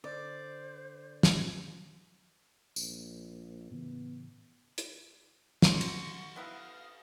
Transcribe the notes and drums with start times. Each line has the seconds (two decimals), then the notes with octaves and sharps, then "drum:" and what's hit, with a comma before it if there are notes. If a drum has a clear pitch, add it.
0.04 D3 C5 D5
1.23 drum: snare
2.76 A#1, drum: tambourine
3.71 A2 C#3 E3 B3
4.78 drum: hi-hat
5.62 C6 C#6, drum: snare
5.81 drum: cymbal
6.36 B3 E4 B4 F5 D#6